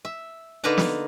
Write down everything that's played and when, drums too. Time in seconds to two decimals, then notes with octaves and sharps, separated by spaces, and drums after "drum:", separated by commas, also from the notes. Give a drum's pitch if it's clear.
0.05 E5
0.64 D3 A#3 D#4 B4 A5 A#5
0.78 drum: snare